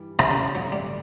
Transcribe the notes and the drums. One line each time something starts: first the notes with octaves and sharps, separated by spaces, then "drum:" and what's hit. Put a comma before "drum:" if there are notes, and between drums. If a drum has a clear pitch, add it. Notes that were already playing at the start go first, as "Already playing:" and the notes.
Already playing: G2 E3 G3
C3, drum: rim click
C#3
A1 G2 D3 F#3
G3